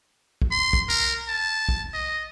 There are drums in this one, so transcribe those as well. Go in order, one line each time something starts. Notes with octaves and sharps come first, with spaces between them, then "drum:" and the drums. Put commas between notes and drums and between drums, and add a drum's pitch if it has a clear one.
drum: kick
C6
drum: kick
A#4
A5
drum: kick
D#5